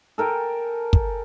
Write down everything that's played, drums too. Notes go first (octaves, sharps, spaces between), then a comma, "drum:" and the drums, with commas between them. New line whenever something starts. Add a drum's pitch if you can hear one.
A4 A#4 G5 G#5
drum: kick